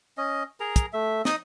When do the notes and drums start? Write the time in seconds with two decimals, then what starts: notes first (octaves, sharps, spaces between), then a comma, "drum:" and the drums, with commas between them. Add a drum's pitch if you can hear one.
0.18 C#4 D#5
0.60 G#4 A#4 A#5
0.76 drum: kick, hi-hat
0.93 A3 E5
1.25 D#4 D#5 D#6, drum: snare